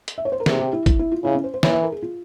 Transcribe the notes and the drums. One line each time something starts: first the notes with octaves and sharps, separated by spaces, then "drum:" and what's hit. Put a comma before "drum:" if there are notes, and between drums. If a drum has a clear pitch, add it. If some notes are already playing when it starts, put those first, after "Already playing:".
drum: hi-hat
E5
C#5
C5
A#4
C3 G#4, drum: snare
G4
E4
E4, drum: kick, hi-hat
E4
F4
C#3 E4
C#4
C5
C5
E3 C#5, drum: snare
E5
A#4
G#4
F4